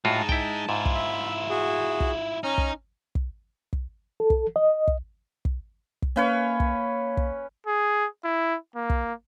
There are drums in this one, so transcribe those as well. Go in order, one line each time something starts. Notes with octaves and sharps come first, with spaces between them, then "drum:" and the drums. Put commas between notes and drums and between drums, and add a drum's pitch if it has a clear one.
A2 G#3 D#4 F4 F#4 A5
E4 G5, drum: kick
G#2 E4 F4
drum: kick
E5
F#4 G#4
drum: kick
C#4 D#4 A#5 F6
drum: kick
drum: kick
drum: kick
A4
drum: kick
D#5
drum: kick
drum: kick
drum: kick
A#3 C#4 B4 C#5 F5
drum: kick
drum: kick
G#4
E4
A#3
drum: kick